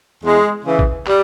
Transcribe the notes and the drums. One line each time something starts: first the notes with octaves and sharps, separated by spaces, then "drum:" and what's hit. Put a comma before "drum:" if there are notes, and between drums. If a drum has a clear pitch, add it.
E2 G#3
C#3 E3
drum: kick
G3, drum: clap